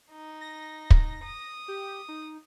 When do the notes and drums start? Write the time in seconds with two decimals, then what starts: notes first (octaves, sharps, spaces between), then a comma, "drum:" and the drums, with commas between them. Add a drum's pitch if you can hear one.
0.12 D#4
0.41 A#6
0.91 drum: kick
1.24 D#6
1.68 G4
2.09 D#4